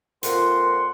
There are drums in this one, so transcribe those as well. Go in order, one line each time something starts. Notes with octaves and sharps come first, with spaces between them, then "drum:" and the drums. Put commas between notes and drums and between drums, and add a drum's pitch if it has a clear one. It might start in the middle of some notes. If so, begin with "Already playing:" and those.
F2 A#2 A#4 F#5 C6, drum: hi-hat